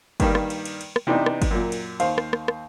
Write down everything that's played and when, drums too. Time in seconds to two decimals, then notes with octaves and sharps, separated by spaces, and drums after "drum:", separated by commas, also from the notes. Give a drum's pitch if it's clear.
0.20 G2 D#3 G3 A#3, drum: kick G1, cymbal
0.35 drum: rim click
0.50 drum: cymbal
0.65 drum: cymbal
0.81 drum: cymbal
0.96 drum: rim click
1.07 C3 E3 B3 D4 D#4
1.26 drum: rim click
1.42 drum: kick G1, cymbal
1.51 F#2 A#2
1.72 drum: cymbal
2.00 D#2 C5 F5, drum: cymbal
2.18 drum: rim click
2.33 drum: rim click
2.48 drum: rim click